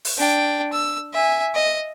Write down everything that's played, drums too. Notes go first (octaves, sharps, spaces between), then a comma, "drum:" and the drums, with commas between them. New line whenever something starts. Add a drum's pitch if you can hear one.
drum: open hi-hat
D4 G5
E6
E5 G#5
D#5